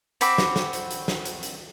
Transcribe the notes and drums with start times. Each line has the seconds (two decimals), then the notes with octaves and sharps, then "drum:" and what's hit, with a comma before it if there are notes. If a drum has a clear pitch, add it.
0.21 C4 F#4 B5 D6, drum: hi-hat
0.38 drum: snare
0.56 drum: snare
0.73 drum: hi-hat
0.91 drum: hi-hat
1.08 drum: snare
1.25 drum: hi-hat
1.43 drum: hi-hat